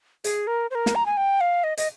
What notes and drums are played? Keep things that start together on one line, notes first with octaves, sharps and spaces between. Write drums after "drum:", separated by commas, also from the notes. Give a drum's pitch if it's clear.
G#4, drum: hi-hat
A#4
C5
A#4
drum: snare
A#5
G#5
G5
F5
D#5
D#5, drum: hi-hat